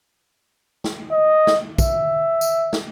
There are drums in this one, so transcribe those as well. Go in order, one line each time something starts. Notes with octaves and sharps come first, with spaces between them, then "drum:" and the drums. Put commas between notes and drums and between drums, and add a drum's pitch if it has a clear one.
drum: snare
D#5
drum: snare
E5, drum: kick, tambourine
drum: tambourine
drum: snare